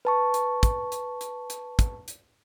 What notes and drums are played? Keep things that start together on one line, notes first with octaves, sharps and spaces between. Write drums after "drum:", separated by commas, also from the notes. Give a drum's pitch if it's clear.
B4 A5 C#6
drum: hi-hat
drum: kick, hi-hat
drum: hi-hat
drum: hi-hat
drum: hi-hat
drum: kick, hi-hat
drum: hi-hat